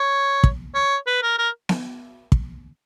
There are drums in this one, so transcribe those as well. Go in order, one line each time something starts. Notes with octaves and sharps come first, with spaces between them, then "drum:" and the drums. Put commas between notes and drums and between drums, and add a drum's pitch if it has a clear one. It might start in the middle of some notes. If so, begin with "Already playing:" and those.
Already playing: C#5
drum: kick
C#5
B4
A#4
A#4
drum: snare B3
drum: kick